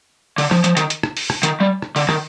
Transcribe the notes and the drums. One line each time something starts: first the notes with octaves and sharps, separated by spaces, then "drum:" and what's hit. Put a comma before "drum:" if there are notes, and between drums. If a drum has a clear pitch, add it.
D3, drum: open hi-hat
F3, drum: rim click
F3, drum: hi-hat
D#3, drum: hi-hat
drum: hi-hat
drum: rim click
drum: open hi-hat
drum: rim click
D#3, drum: hi-hat
G3
drum: rim click
D3, drum: open hi-hat
D#3, drum: rim click